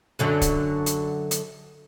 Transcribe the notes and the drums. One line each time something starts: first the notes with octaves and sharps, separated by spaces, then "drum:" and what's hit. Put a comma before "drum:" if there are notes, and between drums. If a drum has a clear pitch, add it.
F#2 D3 F#3
drum: kick, hi-hat
drum: hi-hat
drum: hi-hat